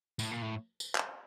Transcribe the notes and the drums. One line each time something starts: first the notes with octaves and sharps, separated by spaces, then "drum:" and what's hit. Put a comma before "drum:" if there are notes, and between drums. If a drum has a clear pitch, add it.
A2, drum: tambourine
A#2
A2
drum: tambourine
drum: clap